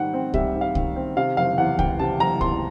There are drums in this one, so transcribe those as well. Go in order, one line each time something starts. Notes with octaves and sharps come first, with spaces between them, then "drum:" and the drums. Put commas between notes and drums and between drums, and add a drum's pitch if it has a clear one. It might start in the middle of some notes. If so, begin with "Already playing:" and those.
Already playing: G#2 D#3 G3 F#5
C4
G3 E5, drum: kick C2
G#2
F5
D#3, drum: kick C2
C4
C3 F5
F#1 F5
E2 F#5
E3 G5, drum: kick C2
C3 A5
F#1 A#5
E2 C6, drum: kick C2